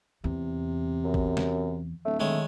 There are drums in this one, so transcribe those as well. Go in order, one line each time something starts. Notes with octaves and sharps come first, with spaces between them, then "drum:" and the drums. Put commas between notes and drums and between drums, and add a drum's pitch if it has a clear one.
E2 C3
F#2
drum: kick A1
drum: snare
D1 A3
D#3 G#3 A3 C#5